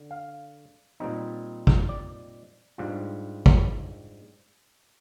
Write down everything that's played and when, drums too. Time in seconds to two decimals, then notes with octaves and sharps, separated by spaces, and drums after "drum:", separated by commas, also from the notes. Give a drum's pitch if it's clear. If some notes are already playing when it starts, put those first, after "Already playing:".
Already playing: D3
0.11 F5
1.00 A#2 G3 C4 D#4
1.67 drum: kick
1.89 D5
2.78 G#2 G3 D4 F4
3.46 drum: kick